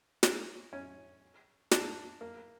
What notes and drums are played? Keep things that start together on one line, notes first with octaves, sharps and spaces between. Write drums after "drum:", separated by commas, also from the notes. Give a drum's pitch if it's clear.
C#4, drum: snare
C#4
D4, drum: snare
A#3